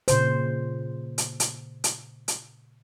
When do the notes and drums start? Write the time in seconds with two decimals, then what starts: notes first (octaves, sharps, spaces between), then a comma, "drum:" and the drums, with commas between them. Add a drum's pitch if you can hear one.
0.08 A#2 C#3 C5, drum: hi-hat
1.18 drum: hi-hat
1.40 drum: hi-hat
1.84 drum: hi-hat
2.28 drum: hi-hat